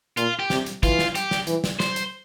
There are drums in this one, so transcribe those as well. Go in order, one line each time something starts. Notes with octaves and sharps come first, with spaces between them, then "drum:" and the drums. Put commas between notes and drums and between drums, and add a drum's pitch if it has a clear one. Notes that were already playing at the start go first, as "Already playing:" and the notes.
A#2 F4, drum: hi-hat
G4
C3, drum: snare
drum: hi-hat
E3 F4, drum: kick, hi-hat
drum: snare
G4, drum: hi-hat
drum: snare
E3, drum: hi-hat
drum: snare
C5, drum: snare
drum: hi-hat